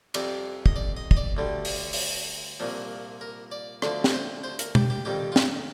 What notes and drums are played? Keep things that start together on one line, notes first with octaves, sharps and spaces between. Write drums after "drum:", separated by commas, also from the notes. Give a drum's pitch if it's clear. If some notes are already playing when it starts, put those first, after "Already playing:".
F2 C3 G3 D5, drum: cymbal
D#5, drum: kick
D5
D#5
D#5, drum: kick
D5
D2 D3 G3
drum: open hi-hat
drum: open hi-hat
C2 A#2 F3
A#4
D5
D2 D3 F3 D5, drum: rim click
drum: snare
C5
C5
A#4, drum: hi-hat
G4, drum: tom
G4
F2 D#3 G3 G4
F4
D#4, drum: snare